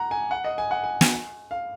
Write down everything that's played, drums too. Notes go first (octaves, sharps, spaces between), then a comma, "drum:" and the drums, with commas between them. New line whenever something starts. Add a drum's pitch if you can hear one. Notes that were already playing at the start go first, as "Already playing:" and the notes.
Already playing: F#5 A#5
G#5
F#5
D#5
G#5
F#5
G#5
drum: snare
F5